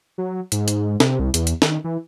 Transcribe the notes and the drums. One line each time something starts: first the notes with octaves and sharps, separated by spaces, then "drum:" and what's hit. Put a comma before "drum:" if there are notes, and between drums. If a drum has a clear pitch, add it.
F#3
G#2, drum: hi-hat
drum: hi-hat
C3, drum: snare
C2
E2, drum: hi-hat
drum: hi-hat
D#3, drum: snare
E3